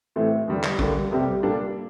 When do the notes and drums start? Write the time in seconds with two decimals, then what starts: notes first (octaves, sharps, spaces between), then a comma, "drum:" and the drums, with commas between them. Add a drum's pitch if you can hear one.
0.16 A2 E3 A3 C4
0.48 E2 D3 G3 D4
0.63 drum: clap
0.79 D3 G3 A#3, drum: kick A#1
1.11 F2 C3 G3 C4 G4
1.42 A#2 G3 A#3 D4 A4